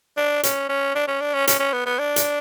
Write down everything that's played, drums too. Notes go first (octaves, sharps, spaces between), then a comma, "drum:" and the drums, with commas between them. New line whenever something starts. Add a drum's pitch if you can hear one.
D4
C#4, drum: hi-hat
C#4
D4
C#4
D4
C#4
C#4, drum: hi-hat
C#4
B3
B3
D4
drum: hi-hat